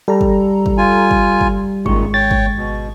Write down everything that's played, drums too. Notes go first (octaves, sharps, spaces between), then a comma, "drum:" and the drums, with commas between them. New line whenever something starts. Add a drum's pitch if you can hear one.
G3 A4 A#5
drum: kick
drum: kick
F4 G#5
drum: kick
drum: kick
G#1 F#2 A#2 D#3 G#3 C#6, drum: kick
C#5 G5 A6
drum: kick
B2